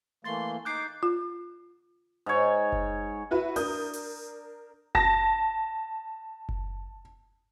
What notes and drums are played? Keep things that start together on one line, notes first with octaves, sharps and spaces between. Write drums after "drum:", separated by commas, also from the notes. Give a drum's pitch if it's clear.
E3 A3 A#3 C6 A6
D#4 D6 F#6 G6 C7
F4
G#2 C#5
drum: kick F#1
E4 F#4 B4 E5
D4 A#4 D#6 G6, drum: open hi-hat
drum: open hi-hat
A5 A#6, drum: kick F#1
drum: kick F#1